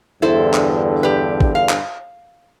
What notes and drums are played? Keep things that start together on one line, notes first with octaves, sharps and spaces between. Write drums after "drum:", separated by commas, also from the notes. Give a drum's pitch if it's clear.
E2 G2 D3 E4 A4 C5
drum: clap
G4 B4
drum: kick
F5
drum: clap